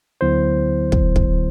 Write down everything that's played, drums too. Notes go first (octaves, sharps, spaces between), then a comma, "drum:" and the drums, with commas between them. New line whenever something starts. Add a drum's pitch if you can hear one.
D2 D3 F#3 B3 E4 C5
drum: kick
drum: kick